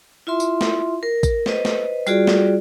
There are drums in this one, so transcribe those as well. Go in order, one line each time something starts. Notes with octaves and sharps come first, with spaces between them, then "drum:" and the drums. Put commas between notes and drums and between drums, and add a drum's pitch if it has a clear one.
E4 F4 E5 C6
drum: tambourine
drum: snare
A#4
drum: kick A1, tambourine
B4 C5 D#5, drum: snare
drum: snare
G3 F4 F#4 G#4 D5, drum: tambourine
drum: snare